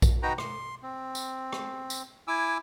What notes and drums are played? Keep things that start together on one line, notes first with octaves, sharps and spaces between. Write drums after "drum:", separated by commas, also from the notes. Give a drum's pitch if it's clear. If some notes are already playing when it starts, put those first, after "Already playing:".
drum: kick A#1, tambourine
D#4 F#4 B4 G5 A#5
C6, drum: rim click
C4
drum: tambourine
drum: rim click
drum: tambourine
E4 G#5 D6 E6